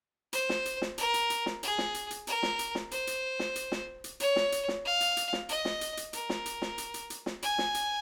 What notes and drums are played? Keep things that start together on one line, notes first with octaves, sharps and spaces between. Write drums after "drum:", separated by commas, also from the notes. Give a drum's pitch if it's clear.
C5, drum: hi-hat
drum: snare
drum: hi-hat
drum: snare
A#4, drum: hi-hat
drum: hi-hat
drum: hi-hat
drum: snare
G#4, drum: hi-hat
drum: snare
drum: hi-hat
drum: hi-hat
A#4, drum: hi-hat
drum: snare
drum: hi-hat
drum: snare
C5, drum: hi-hat
drum: hi-hat
drum: snare
drum: hi-hat
drum: snare
drum: hi-hat
C#5, drum: hi-hat
drum: snare
drum: hi-hat
drum: snare
F5
drum: hi-hat
drum: hi-hat
drum: snare
D#5, drum: hi-hat
drum: snare
drum: hi-hat
drum: hi-hat
A#4, drum: hi-hat
drum: snare
drum: hi-hat
drum: snare
drum: hi-hat
drum: hi-hat
drum: hi-hat
drum: snare
G#5, drum: hi-hat
drum: snare
drum: hi-hat